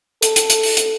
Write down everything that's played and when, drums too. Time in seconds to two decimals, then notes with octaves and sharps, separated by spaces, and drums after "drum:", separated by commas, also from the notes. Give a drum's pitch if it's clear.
0.22 A4, drum: hi-hat
0.36 drum: hi-hat
0.50 drum: hi-hat
0.63 drum: open hi-hat
0.77 drum: hi-hat